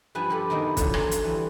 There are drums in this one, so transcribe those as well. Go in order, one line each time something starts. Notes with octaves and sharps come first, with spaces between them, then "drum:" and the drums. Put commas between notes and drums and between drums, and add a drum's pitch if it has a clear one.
G2 F3 B4 G#5 B5
F4 G4 A4 B5
F#2 D#3 A#3 B3 A#5
D3 F3 F#3 C5, drum: kick, hi-hat
A#4 C5 F#5 G#5 A5 C6, drum: rim click
drum: hi-hat
E3 G3